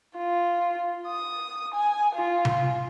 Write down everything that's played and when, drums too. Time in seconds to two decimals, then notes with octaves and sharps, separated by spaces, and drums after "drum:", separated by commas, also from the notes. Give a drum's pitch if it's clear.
0.17 F4
1.07 D#6
1.74 G#5
2.15 F4
2.45 drum: tom C3